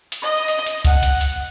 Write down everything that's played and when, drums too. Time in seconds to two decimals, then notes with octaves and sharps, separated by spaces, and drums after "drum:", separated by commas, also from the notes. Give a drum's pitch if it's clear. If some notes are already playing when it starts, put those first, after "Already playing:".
0.12 drum: hi-hat
0.22 D#5
0.48 drum: hi-hat
0.66 drum: hi-hat
0.85 F#5, drum: kick C2, hi-hat
1.03 drum: hi-hat
1.21 drum: hi-hat